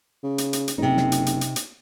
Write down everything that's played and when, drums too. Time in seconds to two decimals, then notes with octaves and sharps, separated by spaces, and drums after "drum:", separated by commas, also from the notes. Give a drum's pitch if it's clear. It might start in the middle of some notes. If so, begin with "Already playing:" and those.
0.23 C#3
0.38 drum: hi-hat
0.53 drum: hi-hat
0.68 drum: hi-hat
0.78 F#1 C3 D#4
0.97 drum: snare
1.12 drum: hi-hat
1.26 drum: hi-hat
1.41 drum: hi-hat
1.56 drum: hi-hat